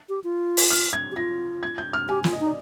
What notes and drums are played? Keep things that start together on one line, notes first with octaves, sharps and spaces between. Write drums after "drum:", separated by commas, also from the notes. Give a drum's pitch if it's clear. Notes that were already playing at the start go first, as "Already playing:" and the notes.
G4
F4
drum: open hi-hat
F6
G#6
G4
F4 A#6
G#6
G6
F6
G4 G#5
F4, drum: snare
D#5
D#4
D5